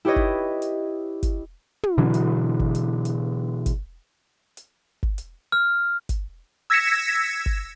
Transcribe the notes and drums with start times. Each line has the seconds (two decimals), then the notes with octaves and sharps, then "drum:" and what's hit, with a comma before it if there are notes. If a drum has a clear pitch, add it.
0.05 E4 G4 B4 C#5 D#5
0.16 drum: kick G1
0.62 drum: hi-hat
1.23 drum: kick G1, hi-hat
1.83 drum: tom
1.98 B2 D3 E3 F#3
2.14 drum: hi-hat
2.59 drum: kick G1
2.75 drum: hi-hat
3.05 drum: hi-hat
3.66 drum: kick G1, hi-hat
4.57 drum: hi-hat
5.03 drum: kick G1
5.18 drum: hi-hat
5.52 F6
6.09 drum: kick G1, hi-hat
6.70 E6 G#6 A#6 B6 C#7 E7
7.46 drum: kick G1